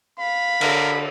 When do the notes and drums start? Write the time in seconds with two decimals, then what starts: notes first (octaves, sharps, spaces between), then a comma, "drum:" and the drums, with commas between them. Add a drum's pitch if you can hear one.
0.19 F5 B5
0.61 D3 A#4, drum: cymbal